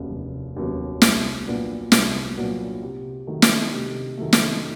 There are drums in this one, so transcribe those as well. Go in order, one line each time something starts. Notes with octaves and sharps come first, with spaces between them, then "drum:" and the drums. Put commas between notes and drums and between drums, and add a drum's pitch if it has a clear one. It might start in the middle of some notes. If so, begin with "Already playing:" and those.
Already playing: F1 D#2 C#3 F#3 B3
F1
D#2 C#3 F#3 B3
C2, drum: snare
A#2 F#3 B3 D4
C2, drum: snare
A#2 F#3 B3 D4
C3
D#3 F#3 A3
drum: snare
C3
D#3 F#3 A3
drum: snare